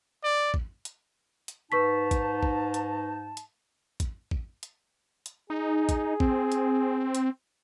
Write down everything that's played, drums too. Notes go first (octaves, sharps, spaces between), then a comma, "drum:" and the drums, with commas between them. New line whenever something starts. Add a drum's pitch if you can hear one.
D5
drum: kick
drum: hi-hat
drum: hi-hat
G#2 D#4 B4 A5 C#6 B6
drum: kick, hi-hat
drum: kick
drum: hi-hat
drum: hi-hat
drum: kick, hi-hat
drum: kick
drum: hi-hat
drum: hi-hat
D#4 G#4
drum: kick, hi-hat
C4, drum: kick
drum: hi-hat
drum: hi-hat